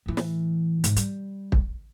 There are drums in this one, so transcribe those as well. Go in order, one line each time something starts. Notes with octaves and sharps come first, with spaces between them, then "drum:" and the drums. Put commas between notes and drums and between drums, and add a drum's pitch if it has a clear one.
A2 E3
drum: snare
G#2, drum: hi-hat
G3, drum: hi-hat
drum: kick